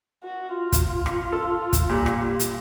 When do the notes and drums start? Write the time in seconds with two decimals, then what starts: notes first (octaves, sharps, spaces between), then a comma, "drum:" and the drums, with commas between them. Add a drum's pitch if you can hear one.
0.24 F#4
0.57 F4
0.72 drum: kick, hi-hat
1.06 drum: rim click
1.32 A4
1.73 drum: kick, hi-hat
1.89 A#2 G3
2.06 drum: rim click
2.39 drum: hi-hat